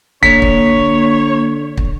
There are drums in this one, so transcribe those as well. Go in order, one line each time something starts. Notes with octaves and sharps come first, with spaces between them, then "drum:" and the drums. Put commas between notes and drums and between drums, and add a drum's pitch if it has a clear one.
D3 A#3 C#5 B6, drum: kick
drum: kick
drum: kick